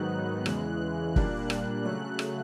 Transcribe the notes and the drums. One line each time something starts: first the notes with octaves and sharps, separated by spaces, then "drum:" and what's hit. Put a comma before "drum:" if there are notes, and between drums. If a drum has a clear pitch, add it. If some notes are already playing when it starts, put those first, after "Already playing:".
Already playing: G#2 D#3 F#3 B3 D#4 F#6
E2 C#3 E3 G#3 F#6, drum: rim click
A#2 G3 A#3 D4, drum: kick
drum: rim click
C#3 F#3 A3 F#6
drum: rim click